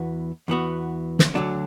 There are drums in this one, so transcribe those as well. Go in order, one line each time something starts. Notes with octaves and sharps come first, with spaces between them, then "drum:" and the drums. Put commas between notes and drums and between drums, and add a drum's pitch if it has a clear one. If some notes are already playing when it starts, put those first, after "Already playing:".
Already playing: E2 E3 B3 F#4
E2 E3 B3 F#4
drum: snare
D2 D3 F#3 D4